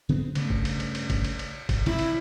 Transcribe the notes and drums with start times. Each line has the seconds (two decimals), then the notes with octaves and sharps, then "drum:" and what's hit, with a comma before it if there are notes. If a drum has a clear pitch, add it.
0.09 C#3 B3 C4
0.35 G2 C#3 A3, drum: cymbal
0.50 drum: kick
0.65 drum: cymbal
0.80 drum: cymbal
0.95 drum: cymbal
1.10 drum: kick, cymbal
1.24 drum: cymbal
1.39 drum: cymbal
1.69 drum: kick, cymbal
1.86 C3 F3 E4, drum: cymbal
1.99 drum: cymbal